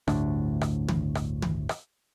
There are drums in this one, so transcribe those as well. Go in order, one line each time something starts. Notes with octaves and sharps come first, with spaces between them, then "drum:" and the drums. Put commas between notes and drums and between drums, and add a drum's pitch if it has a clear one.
G1 D2 A2 D4, drum: rim click
drum: rim click
drum: tom
drum: rim click
drum: tom
drum: rim click